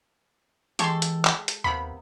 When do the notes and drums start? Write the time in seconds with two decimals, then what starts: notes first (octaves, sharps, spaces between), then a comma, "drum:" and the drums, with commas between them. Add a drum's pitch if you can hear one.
0.79 E3 G#3 G4 A4 C6 C#6, drum: hi-hat
1.02 drum: hi-hat
1.25 drum: clap
1.48 drum: hi-hat
1.64 D#2 C3 A#3 B3 B5